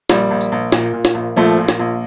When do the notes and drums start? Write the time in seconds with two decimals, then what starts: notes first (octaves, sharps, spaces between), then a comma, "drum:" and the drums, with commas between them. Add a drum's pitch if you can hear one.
0.10 A#1 G3, drum: snare
0.31 A#1
0.41 drum: tambourine
0.52 A#1
0.72 A#2, drum: snare
0.93 A#2
1.05 drum: snare
1.15 A#1
1.36 A#1 F3 A3
1.58 A#2
1.69 drum: snare
1.80 A#1